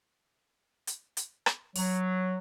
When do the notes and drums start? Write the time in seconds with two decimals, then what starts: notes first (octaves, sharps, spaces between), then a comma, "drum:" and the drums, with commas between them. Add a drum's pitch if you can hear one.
0.87 drum: hi-hat
1.17 drum: hi-hat
1.46 drum: rim click
1.76 F#3, drum: open hi-hat